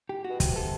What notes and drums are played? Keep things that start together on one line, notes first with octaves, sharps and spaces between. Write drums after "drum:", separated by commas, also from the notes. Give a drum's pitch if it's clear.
G4
F#4
B2
C3 G4, drum: kick, hi-hat
A4